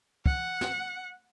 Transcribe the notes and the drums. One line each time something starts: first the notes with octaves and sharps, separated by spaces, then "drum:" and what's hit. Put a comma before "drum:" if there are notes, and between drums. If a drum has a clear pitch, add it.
F#5, drum: kick
drum: snare